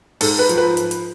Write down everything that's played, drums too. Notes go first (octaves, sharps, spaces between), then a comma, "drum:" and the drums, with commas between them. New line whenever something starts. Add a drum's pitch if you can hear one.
G#2 A4, drum: open hi-hat
B4
F3, drum: hi-hat
B4
drum: hi-hat
drum: hi-hat